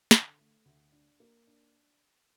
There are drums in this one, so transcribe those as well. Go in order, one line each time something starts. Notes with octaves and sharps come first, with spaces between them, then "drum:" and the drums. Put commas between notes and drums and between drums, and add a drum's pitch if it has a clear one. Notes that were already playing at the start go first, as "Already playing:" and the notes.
D3, drum: snare
A3
D2
D4
A#3
D4